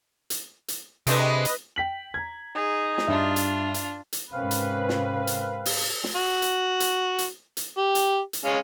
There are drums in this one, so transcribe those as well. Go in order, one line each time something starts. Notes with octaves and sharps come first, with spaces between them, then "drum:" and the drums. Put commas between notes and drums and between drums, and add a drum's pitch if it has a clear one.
drum: hi-hat
drum: hi-hat
C3 G#3 A3 D4 B4 D#5, drum: hi-hat
drum: hi-hat
G5 B6 F#7
A#5 G#6
D#4 G#4
drum: snare
G2 D4 F4 E5
drum: hi-hat
drum: hi-hat
drum: hi-hat
G#2 C3 C4 C#4 A#4 B4 F5
drum: hi-hat
drum: snare
drum: hi-hat
drum: open hi-hat
drum: snare
F#4
drum: hi-hat
drum: hi-hat
drum: hi-hat
drum: hi-hat
G4
drum: hi-hat
drum: hi-hat
G#3 C#4 F5